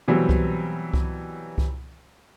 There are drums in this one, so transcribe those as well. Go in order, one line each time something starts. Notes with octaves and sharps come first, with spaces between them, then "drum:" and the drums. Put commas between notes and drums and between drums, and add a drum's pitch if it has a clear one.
B2 E3 F#3 G3 C4
drum: kick C2
drum: kick C2
drum: kick C2